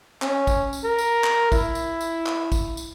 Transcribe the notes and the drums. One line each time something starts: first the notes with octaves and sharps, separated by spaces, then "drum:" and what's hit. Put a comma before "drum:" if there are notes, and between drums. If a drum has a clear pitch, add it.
C#4, drum: clap
drum: kick A1, tambourine
drum: tambourine
A#4
drum: tambourine
drum: clap
E4, drum: kick A1, tambourine
drum: tambourine
drum: tambourine
drum: clap
drum: kick A1, tambourine
drum: tambourine